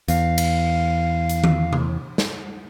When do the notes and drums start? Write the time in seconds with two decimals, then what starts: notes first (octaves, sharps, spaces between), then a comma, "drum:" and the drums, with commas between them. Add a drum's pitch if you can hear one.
0.08 E2 F5, drum: hi-hat
0.38 drum: cymbal
1.29 drum: hi-hat
1.44 drum: tom D#3
1.73 drum: tom C3
2.18 drum: snare